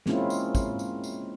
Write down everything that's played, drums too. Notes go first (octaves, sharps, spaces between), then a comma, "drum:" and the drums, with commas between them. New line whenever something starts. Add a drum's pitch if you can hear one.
G#3 A#3 C4 C#4 E4 F4, drum: snare
drum: tambourine
drum: kick, tambourine
drum: tambourine
drum: tambourine